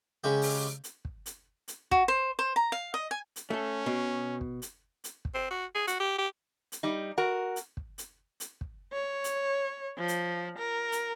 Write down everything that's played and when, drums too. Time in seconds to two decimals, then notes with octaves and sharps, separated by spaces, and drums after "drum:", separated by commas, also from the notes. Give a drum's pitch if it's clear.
0.24 C#3 G#3 G4
0.42 drum: open hi-hat
0.84 drum: hi-hat
1.05 drum: kick
1.26 drum: hi-hat
1.68 drum: hi-hat
1.91 F#4, drum: kick
2.08 C5
2.39 C5
2.56 A#5
2.72 F5
2.94 D#5
3.11 G#5
3.36 drum: hi-hat
3.50 A3 C#4 A4
3.86 B2
4.41 drum: kick
4.62 drum: hi-hat
5.04 drum: hi-hat
5.25 drum: kick
5.34 C4
5.50 F#4
5.75 G#4
5.87 F#4, drum: hi-hat
6.00 G4
6.19 G4
6.72 drum: hi-hat
6.83 G3 D#4
7.18 F#4 A#4
7.56 drum: hi-hat
7.77 drum: kick
7.98 drum: hi-hat
8.40 drum: hi-hat
8.61 drum: kick
8.92 C#5
9.24 drum: hi-hat
9.98 F3
10.08 drum: hi-hat
10.58 A#4
10.92 drum: hi-hat